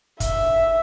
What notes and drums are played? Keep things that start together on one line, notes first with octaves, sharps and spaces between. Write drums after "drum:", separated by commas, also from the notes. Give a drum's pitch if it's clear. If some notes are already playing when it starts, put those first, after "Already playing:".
E5, drum: kick, hi-hat